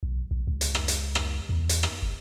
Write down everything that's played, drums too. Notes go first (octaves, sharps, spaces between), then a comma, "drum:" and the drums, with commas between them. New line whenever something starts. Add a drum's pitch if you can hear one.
B1
B1
C#2
drum: hi-hat
drum: rim click
drum: hi-hat
drum: rim click
E2
drum: hi-hat
drum: rim click
G1